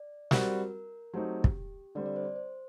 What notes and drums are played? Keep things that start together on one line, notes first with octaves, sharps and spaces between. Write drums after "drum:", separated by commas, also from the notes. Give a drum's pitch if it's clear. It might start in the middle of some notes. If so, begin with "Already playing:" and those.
Already playing: D5
G3 C4 F#4 A#4, drum: snare
F#3 A3 C4 D#4 G4
drum: kick
D3 G3 C4 D5
D5
C5
C5